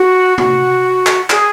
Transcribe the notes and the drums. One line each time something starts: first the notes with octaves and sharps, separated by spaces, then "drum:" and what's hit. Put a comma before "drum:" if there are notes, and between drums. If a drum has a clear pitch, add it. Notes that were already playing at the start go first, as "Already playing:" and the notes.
Already playing: F#4
F#4, drum: tom
drum: clap
G#4, drum: clap